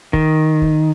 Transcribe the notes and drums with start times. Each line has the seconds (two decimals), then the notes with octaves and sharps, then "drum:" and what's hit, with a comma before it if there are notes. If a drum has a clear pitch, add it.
0.13 D#3, drum: kick
0.62 drum: kick